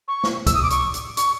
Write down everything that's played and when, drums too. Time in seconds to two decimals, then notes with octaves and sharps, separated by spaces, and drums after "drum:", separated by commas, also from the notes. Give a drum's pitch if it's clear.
0.08 C#6
0.23 drum: snare
0.47 E6, drum: kick, hi-hat
0.55 D#6
0.63 D6
0.70 C#6, drum: hi-hat
0.94 drum: hi-hat
1.17 C#6, drum: hi-hat